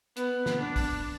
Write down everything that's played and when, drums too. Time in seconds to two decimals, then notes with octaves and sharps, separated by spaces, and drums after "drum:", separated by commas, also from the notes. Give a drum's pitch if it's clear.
0.17 B3, drum: hi-hat
0.46 drum: snare
0.61 D4
0.76 drum: kick, open hi-hat